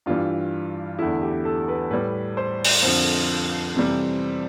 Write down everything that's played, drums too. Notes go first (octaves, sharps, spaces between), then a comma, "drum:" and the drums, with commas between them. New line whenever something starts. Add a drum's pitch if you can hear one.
G2 E3 G3 F4
E2 D3 A3 E4
G4
A4
B4
A2 G3 B4
C5
drum: open hi-hat
F2 D3 F3 C5
F2 C3 E3 G3